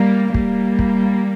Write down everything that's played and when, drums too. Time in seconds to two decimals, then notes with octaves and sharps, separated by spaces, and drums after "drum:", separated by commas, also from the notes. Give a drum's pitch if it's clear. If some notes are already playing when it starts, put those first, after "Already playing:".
Already playing: G3 A#3
0.34 G3 A#3, drum: kick
0.79 drum: kick